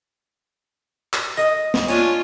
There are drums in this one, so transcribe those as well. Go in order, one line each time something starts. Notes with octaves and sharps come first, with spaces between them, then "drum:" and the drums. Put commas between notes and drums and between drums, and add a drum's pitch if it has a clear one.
drum: clap
D#5, drum: hi-hat
drum: snare
C#4 D4 F4, drum: hi-hat